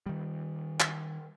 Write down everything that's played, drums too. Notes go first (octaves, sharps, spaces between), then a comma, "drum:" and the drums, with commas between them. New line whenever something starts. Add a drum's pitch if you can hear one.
D#3 G3
drum: clap